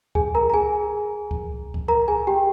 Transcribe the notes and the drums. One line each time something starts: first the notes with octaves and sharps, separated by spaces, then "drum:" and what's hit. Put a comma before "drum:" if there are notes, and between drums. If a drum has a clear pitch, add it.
G#4 G#5, drum: kick C#2
A#4 A#5
A#5
G#4 G#5
drum: kick C#2
drum: kick C#2
A#4 A#5
G#4 G#5
G4 G5